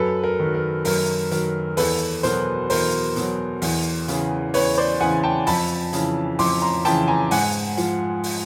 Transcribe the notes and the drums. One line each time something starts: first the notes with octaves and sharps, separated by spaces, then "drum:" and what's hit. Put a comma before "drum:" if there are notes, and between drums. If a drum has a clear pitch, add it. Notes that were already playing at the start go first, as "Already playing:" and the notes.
Already playing: F#2 A4 B4
A#4
D#3 F#3
A#4
F#2 A#4, drum: open hi-hat
D#3 F#3 A#4, drum: hi-hat
E2 A4 B4, drum: open hi-hat
B2 F#3 A#4 C5, drum: hi-hat
E2 A#4 C5, drum: open hi-hat
B2 F#3, drum: hi-hat
E2, drum: open hi-hat
C#3 E3, drum: hi-hat
E2 B4 C#5, drum: open hi-hat
C5 D5
C#3 E3 F#5 G#5
G5 A5
F2 A5 B5, drum: open hi-hat
C#3 E3, drum: hi-hat
F2 C6 D6, drum: open hi-hat
A#5 C6
C#3 E3 G5 A5, drum: hi-hat
G#5 A#5
G#2 F#5 G#5, drum: open hi-hat
F3, drum: hi-hat
drum: open hi-hat